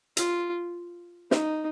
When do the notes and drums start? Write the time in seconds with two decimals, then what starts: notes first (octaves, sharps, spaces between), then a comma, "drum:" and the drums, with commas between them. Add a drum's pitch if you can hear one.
0.17 F4, drum: hi-hat
1.31 D#4, drum: snare